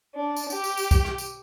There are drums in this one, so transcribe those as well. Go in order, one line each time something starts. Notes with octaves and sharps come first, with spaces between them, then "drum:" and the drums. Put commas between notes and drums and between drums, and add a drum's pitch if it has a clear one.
D4
drum: tambourine
G4, drum: tambourine
drum: tambourine
drum: tambourine
drum: kick C2, tambourine
drum: rim click
drum: tambourine